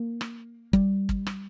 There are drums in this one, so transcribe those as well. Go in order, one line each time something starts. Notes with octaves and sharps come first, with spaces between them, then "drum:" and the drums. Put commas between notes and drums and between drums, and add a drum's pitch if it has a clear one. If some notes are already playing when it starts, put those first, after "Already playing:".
Already playing: A#3
drum: rim click
G3, drum: kick
drum: kick
drum: rim click